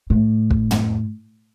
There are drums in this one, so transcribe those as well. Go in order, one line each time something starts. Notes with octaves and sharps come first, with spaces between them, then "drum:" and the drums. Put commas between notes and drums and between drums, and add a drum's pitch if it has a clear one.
A2
drum: kick
drum: tom